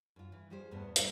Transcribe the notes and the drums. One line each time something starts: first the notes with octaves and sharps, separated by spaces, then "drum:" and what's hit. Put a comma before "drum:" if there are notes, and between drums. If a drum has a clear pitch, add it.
F#2 F4
E3
G3 F4 G4 G#4 C5
E2 G2 B2 A3 B3
G3 A#3 C#4 E4, drum: hi-hat